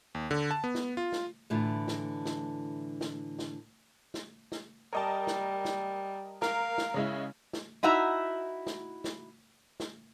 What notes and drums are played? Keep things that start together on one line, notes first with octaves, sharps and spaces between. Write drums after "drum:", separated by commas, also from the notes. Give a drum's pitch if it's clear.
D#2
D3
A5
B3
drum: snare
F4
drum: snare
A2 D3 E3 F4
drum: snare
drum: snare
drum: snare
drum: snare
drum: snare
drum: snare
G3 A#4 D#5 A5
drum: snare
drum: snare
A#4 F5, drum: snare
drum: snare
C#3 G#3 E4
drum: snare
D#4 E4 F#4 E5 A#5
drum: snare
drum: snare
drum: snare